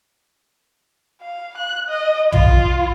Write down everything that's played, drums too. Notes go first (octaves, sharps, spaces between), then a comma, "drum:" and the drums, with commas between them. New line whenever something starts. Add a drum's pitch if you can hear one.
F5
F#6
D#5
F4, drum: tom